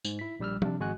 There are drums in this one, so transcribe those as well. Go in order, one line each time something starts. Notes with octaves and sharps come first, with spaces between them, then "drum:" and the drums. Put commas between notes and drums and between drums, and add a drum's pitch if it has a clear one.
G#2, drum: tambourine
E4 B6
A#1 G3 E6 F6
C3 D4, drum: tom F3
G#1 G#3 F#4 G#5 F#6